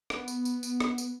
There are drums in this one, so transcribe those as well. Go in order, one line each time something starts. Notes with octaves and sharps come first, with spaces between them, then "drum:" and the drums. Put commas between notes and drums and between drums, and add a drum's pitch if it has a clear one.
B3, drum: rim click
drum: tambourine
drum: tambourine
drum: tambourine
drum: rim click
drum: tambourine